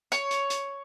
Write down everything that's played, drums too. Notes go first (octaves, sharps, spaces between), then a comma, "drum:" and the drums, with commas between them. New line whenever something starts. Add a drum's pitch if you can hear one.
C#5, drum: hi-hat
drum: hi-hat
drum: hi-hat